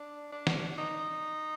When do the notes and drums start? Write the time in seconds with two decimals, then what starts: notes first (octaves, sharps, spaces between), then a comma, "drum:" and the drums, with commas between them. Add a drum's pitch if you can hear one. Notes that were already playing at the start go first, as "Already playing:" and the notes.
Already playing: D4
0.32 D4
0.47 drum: snare
0.78 D#4